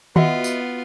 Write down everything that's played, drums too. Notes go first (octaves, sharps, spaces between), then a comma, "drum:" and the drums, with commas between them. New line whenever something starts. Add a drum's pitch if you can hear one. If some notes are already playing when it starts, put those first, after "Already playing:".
B3 F4 F#4 D#5 E5 F#5, drum: tom D#3
drum: tambourine